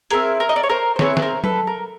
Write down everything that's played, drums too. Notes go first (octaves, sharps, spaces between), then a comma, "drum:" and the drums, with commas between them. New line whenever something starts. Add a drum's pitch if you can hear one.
C4 E4 G#4 A#4, drum: hi-hat
A#4
D#5
D5
C#5
A#4 C5
C5
C4 E4 G#4 B4 C#5, drum: snare
B4, drum: snare
A#4 C5
A4 B4, drum: tom F#3
A#4